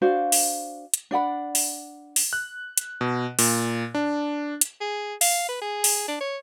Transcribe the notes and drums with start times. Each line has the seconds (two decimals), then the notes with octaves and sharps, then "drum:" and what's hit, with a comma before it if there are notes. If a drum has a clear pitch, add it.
0.02 D4 F#4 C5 F5
0.32 drum: open hi-hat
0.94 drum: hi-hat
1.11 D4 D5 F#5 B5
1.55 drum: open hi-hat
2.16 drum: open hi-hat
2.33 F#6
2.78 drum: hi-hat
3.01 B2
3.39 A#2, drum: open hi-hat
3.95 D4
4.61 drum: hi-hat
4.81 G#4
5.21 F5, drum: open hi-hat
5.49 B4
5.62 G#4
5.84 drum: open hi-hat
6.08 D4
6.20 C#5